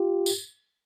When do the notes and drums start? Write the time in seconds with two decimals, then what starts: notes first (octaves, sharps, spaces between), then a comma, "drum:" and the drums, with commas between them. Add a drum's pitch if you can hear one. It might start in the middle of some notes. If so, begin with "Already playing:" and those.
Already playing: F4 G4
0.26 drum: tambourine